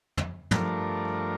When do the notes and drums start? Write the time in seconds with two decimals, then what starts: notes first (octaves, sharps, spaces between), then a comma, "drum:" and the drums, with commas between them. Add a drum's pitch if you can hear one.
0.17 drum: tom
0.51 G2 F3 A3 D4 A#4, drum: tom